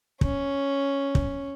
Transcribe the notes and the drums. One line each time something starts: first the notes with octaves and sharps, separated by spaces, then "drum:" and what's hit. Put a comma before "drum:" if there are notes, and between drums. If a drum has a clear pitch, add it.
C#4, drum: kick
drum: kick